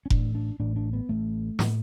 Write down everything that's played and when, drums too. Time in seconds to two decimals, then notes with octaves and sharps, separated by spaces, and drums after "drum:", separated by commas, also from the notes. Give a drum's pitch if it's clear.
0.06 C#4
0.10 A1 A2 D4, drum: kick F1
0.35 D4
0.60 A1 A2 D4
0.76 D4
0.93 B3
1.09 A1 A2 A3
1.59 A2, drum: snare